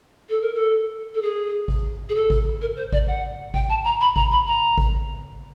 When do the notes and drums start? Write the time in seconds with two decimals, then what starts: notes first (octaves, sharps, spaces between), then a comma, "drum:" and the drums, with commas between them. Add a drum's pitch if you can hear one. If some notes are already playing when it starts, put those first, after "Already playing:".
0.29 A4
0.41 A#4
0.54 A4
1.14 A4
1.22 G#4
1.68 drum: kick G#1
2.09 G#4
2.15 A4
2.30 drum: kick G#1
2.61 A#4
2.76 C5
2.93 D5, drum: kick G#1
3.07 F#5
3.54 G5, drum: kick G#1
3.69 A5
3.84 A#5
4.00 B5
4.16 A#5, drum: kick G#1
4.31 B5
4.47 A#5
4.78 drum: kick G#1